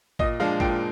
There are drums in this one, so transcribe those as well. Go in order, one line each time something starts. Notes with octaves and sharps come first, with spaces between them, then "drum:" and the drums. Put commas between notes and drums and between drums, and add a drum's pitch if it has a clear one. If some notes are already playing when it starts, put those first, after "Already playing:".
A#2 D#5, drum: kick G#1
F3 G#3 D4 F5
A#2 G5, drum: kick G#1